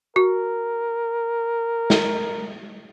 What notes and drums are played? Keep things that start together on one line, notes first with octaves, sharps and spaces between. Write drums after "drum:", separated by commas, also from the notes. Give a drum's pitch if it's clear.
F#4 A#4
drum: snare